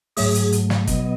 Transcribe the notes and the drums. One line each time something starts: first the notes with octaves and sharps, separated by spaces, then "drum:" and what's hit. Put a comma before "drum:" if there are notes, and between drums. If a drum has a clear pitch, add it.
G#2 F#3 A3 G#4, drum: open hi-hat
drum: hi-hat
drum: hi-hat
drum: snare
B2 F#3 B3 D#5, drum: kick, hi-hat